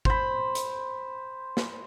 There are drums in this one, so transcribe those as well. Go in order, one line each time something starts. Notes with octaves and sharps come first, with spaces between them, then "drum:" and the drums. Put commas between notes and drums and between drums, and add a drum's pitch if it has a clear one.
C5 B5, drum: kick
drum: hi-hat
drum: snare